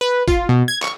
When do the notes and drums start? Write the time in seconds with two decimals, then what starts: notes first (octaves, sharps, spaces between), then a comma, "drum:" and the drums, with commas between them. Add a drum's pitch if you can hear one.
0.01 B4
0.28 F4, drum: kick, tambourine
0.49 B2
0.68 G#6
0.82 C#6, drum: clap